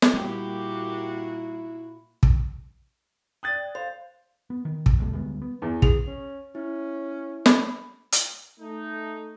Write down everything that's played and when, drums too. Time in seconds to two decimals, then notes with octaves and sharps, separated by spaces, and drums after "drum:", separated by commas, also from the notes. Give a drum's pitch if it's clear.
0.02 drum: snare
0.14 A#2 G3 A#3 E4 F#4 G4
2.23 drum: kick
3.43 D5 G5 D#6 F#6 A6
3.75 C5 F5
4.50 B3
4.65 D#3
4.86 G1, drum: kick
4.99 E2 B2 G3 A3
5.13 D2 G3 G#3 B3
5.42 B3
5.62 E2
5.82 G#4 F7, drum: kick
6.07 C#4
6.55 C#4 E4
7.46 D4 B5, drum: snare
8.12 drum: hi-hat
8.60 A3 D#4